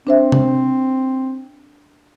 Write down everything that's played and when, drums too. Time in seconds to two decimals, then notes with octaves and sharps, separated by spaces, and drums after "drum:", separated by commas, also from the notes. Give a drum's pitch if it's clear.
0.07 C4 D4 C5 E5
0.32 drum: tom C3